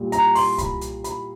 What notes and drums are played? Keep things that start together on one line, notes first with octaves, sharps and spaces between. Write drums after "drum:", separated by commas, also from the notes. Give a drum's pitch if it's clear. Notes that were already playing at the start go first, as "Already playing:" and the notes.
Already playing: A#2 G3
A#5, drum: hi-hat
C6, drum: open hi-hat
B5, drum: kick C2, hi-hat
drum: hi-hat
B5, drum: hi-hat